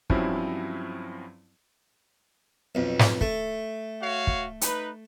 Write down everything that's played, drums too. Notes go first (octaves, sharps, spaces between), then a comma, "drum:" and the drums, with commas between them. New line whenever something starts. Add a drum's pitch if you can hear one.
G2 F3 F#3 C4 C#4 E4, drum: kick
B1 F2
drum: snare
A3, drum: kick
F#4 C#5 F5
drum: kick
D#4 B4, drum: hi-hat